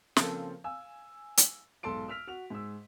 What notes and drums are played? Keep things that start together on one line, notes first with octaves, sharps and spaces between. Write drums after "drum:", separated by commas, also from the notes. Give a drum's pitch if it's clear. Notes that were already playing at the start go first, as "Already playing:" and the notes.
C#3 F3 A#3 C4 A4, drum: snare
F5 G#5 E6
drum: hi-hat
B1 G#2 A4 A5 C6 D7
E6 F6 B6 F7
F#4 F7
G#2 E6